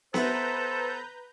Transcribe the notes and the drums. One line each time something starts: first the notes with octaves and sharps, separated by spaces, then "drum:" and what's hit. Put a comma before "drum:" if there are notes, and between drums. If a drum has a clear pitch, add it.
B3 E4 A4 B4 C5 A#5 G6, drum: snare B3